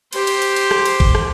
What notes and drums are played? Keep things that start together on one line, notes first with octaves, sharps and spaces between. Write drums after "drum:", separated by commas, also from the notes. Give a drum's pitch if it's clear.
G4 C5, drum: cymbal
drum: cymbal
drum: cymbal
drum: cymbal
drum: rim click
drum: cymbal
drum: kick G1
drum: rim click